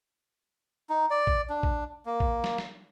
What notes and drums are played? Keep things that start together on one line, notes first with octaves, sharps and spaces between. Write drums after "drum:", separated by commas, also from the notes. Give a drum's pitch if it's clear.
D#4
D5
drum: kick A#1
D4
drum: kick A#1
A#3
drum: kick A#1
drum: snare
drum: snare